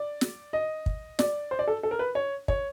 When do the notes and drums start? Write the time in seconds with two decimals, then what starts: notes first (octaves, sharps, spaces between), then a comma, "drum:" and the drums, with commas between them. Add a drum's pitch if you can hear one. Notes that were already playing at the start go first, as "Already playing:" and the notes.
Already playing: D5
0.21 drum: snare
0.53 D#5
0.86 drum: kick
1.19 D5, drum: snare
1.51 C5
1.59 D5
1.68 A4
1.83 A4
1.91 A#4
1.99 B4
2.15 C#5
2.48 C#5, drum: kick